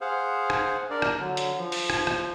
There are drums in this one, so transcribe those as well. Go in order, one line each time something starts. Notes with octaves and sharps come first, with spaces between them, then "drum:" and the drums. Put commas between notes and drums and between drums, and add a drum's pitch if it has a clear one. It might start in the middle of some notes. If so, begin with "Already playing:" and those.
G#4 C5 F5 F#5
drum: rim click
D4 A#4 D5
drum: rim click
D3 F#3
drum: hi-hat
F3
drum: open hi-hat
drum: rim click
drum: rim click